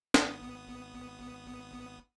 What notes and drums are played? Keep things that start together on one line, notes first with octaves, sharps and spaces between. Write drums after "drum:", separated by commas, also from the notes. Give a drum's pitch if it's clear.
G#1 B3 D#6, drum: snare